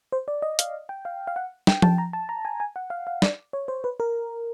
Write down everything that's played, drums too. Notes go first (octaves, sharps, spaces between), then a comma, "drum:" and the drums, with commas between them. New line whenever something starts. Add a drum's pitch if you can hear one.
C5
D5
D#5
F5, drum: hi-hat
G5
F5
F5
F#5
G5, drum: snare
A5, drum: tom F3
A#5
A5
A#5
G#5
G#5
F#5
F5
F5
D5, drum: snare
C#5
C5
B4
A#4